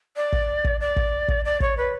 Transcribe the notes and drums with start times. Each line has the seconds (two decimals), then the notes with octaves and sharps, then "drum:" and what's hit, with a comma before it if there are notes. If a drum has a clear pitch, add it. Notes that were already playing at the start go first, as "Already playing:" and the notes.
0.16 D5
0.32 drum: kick
0.64 drum: kick
0.80 D5
0.96 drum: kick
1.28 drum: kick
1.44 D5
1.60 C#5, drum: kick
1.77 B4